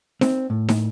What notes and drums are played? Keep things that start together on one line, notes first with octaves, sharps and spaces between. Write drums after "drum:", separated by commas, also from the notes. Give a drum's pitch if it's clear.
C4, drum: snare D#4
A2
drum: snare D#4